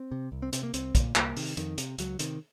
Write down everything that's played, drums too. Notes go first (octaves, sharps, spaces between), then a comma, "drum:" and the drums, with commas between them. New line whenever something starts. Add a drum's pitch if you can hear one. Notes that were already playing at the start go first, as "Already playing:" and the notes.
Already playing: C4
C3
C2
C4
C3 C4, drum: hi-hat
A#3
C2 C4, drum: hi-hat
A#2, drum: kick, hi-hat
C2 A#3, drum: clap
C3 D#3, drum: open hi-hat
F2 D#3, drum: hi-hat
C3, drum: hi-hat
C#2 F#3, drum: hi-hat
C3 D#3, drum: hi-hat